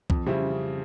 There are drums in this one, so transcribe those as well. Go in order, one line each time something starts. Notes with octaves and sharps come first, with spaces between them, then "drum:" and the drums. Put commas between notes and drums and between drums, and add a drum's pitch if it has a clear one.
F2, drum: kick
C#3 G3 C4 E4